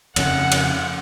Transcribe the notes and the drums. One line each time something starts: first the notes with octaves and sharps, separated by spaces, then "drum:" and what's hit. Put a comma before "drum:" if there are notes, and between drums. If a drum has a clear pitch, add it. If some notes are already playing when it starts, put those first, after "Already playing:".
F2 C#3 F#5, drum: cymbal
drum: cymbal